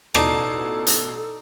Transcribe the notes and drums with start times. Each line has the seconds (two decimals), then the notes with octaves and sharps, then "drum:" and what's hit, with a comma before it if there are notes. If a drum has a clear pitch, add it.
0.14 A1 B2 D#4 A4 D5 A5 C7, drum: rim click
0.87 drum: hi-hat